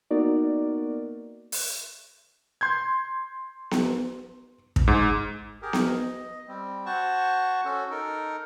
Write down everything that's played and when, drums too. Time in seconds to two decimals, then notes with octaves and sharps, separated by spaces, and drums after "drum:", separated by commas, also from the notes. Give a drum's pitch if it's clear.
0.11 A#3 B3 D#4 F#4 A#4 D5
1.52 drum: open hi-hat
2.61 C6 G6 G#6
3.71 drum: snare B3
4.76 drum: kick
4.87 G#2
5.62 G4 G#4 A#4
5.73 drum: snare B3
5.88 D#5
6.48 G3 C4
6.86 F#4 C5 F#5 A5 C#6
7.65 C#4 F#4 A4
7.90 D#4 A4 A#4